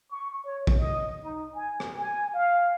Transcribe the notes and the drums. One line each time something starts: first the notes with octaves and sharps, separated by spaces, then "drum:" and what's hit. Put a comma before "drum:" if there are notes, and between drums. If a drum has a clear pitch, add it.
C#6
C#5
drum: kick
D#5
D#4
G#5
drum: rim click
G#5
F5